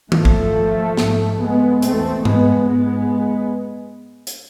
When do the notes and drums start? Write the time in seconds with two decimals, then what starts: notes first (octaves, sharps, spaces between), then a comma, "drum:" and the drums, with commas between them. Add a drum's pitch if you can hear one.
0.12 G#2 F3 A3, drum: tom D#3
0.25 drum: kick
0.97 G#2, drum: snare
1.40 G#3 B3
1.82 E2 B2 A3 C4, drum: hi-hat
2.25 G#3 B3, drum: tom G#2
2.68 G#2 G#3 B3
4.27 drum: hi-hat